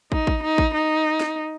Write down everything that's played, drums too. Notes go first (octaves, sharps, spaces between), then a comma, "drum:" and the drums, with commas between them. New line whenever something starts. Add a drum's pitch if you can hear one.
D#4, drum: kick
drum: kick
D#4
drum: kick
D#4
drum: snare